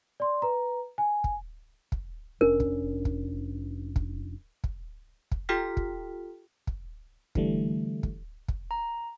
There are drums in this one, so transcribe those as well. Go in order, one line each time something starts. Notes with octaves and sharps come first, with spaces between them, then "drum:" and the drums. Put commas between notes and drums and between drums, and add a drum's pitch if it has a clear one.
D5 C6
B4 A#5
G#5
drum: kick
drum: kick
F1 C#4 D4 A#4
drum: kick
drum: kick
drum: kick
drum: kick
drum: kick
F4 G4 A4 G5 F6 B6
drum: kick
drum: kick
D3 E3 G3 A3, drum: kick
drum: kick
drum: kick
A#5